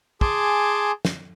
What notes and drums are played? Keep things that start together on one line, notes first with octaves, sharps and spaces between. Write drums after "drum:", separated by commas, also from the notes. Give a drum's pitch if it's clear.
G#4 G#5 A5 C6 D6, drum: kick
drum: snare